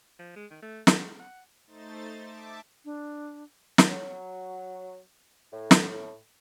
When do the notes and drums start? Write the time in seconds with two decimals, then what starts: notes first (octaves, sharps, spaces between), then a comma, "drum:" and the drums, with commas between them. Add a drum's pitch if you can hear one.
0.19 F3
0.36 G#3
0.51 D#3
0.62 A3
0.87 A4, drum: snare
1.00 G#3
1.19 F#5
1.67 A3 D#4 C5 A6
2.19 E5 A5 D6
2.85 D4
3.78 drum: snare
3.88 F#3
5.52 A2
5.71 drum: snare